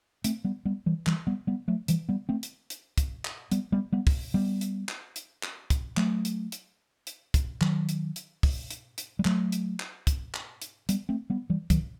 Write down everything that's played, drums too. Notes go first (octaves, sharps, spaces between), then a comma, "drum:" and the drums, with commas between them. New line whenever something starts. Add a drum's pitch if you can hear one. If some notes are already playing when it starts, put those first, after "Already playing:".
A3 C4, drum: hi-hat
G3 B3
G3 B3
E3 G3
E3 G3, drum: clap
G3 B3
G3 B3
F#3 A3
E3 G3, drum: hi-hat
G3 B3
A3 C4
drum: hi-hat
drum: hi-hat
drum: kick, hi-hat
drum: clap
G3 B3, drum: hi-hat
G3 B3
G3 B3
drum: kick, open hi-hat
G3 B3
drum: hi-hat
drum: clap
drum: hi-hat
drum: clap
drum: kick, hi-hat
F#3 A3, drum: clap
drum: hi-hat
drum: hi-hat
drum: hi-hat
drum: kick, hi-hat
D#3 F#3, drum: clap
drum: hi-hat
drum: hi-hat
drum: kick, open hi-hat
drum: hi-hat
drum: hi-hat
G3
F#3 A3, drum: clap
drum: hi-hat
drum: clap
drum: kick, hi-hat
drum: clap
drum: hi-hat
G3 B3, drum: hi-hat
A3 C4
G3 B3
E3 G3
D#3 F#3, drum: kick, hi-hat